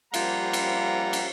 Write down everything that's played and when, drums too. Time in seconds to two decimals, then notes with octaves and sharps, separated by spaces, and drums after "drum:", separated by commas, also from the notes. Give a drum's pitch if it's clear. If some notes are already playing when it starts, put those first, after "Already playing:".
0.14 F3 G3 A#3 F4 F#5 A#5, drum: cymbal
0.53 drum: cymbal
1.13 drum: cymbal